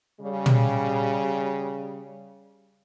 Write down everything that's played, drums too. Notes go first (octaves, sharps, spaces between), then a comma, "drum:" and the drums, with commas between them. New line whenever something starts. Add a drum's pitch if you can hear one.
C#3 G3
drum: tom